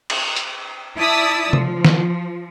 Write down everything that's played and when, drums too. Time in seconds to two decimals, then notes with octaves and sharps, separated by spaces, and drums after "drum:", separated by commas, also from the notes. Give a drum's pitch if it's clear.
0.10 drum: cymbal
0.36 drum: hi-hat
0.97 E4 D5 A5 D#6 E6
1.53 F3, drum: tom
1.85 drum: snare